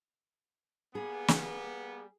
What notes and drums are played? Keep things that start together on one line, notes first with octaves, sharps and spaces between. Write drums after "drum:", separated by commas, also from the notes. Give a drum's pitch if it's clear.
G3 A#3 B3 G#4
drum: snare